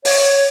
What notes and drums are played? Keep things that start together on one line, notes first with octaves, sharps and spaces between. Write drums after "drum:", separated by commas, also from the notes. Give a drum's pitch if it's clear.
C#5, drum: open hi-hat